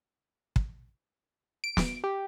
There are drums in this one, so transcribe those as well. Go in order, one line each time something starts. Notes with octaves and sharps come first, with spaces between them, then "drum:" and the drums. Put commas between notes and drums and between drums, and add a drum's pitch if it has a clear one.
drum: kick
D7
drum: snare
G4